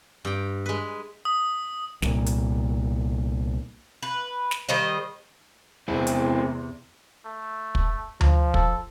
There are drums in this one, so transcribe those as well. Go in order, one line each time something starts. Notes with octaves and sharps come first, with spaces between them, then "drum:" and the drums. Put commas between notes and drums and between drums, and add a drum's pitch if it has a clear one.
G2 G5
G#3 B4
D#6
C2 A#2, drum: snare
drum: hi-hat
B4
drum: snare
D#3 G3 C5 D#5
E2 C3 G#3 C4 E4
drum: hi-hat
A3
drum: kick
F3, drum: tom D2
A4, drum: kick